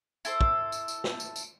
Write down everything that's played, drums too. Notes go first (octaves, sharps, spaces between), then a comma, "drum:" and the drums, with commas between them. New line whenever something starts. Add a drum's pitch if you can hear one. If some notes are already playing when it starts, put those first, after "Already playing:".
E4 A4 C5, drum: tambourine
drum: kick
drum: tambourine
drum: tambourine
drum: snare
drum: tambourine
drum: tambourine